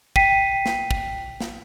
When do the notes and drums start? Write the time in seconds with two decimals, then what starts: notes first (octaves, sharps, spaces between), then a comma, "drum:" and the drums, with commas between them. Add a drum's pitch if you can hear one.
0.16 G5 B6 C7 D#7, drum: kick
0.66 drum: snare
0.91 drum: kick
1.41 drum: snare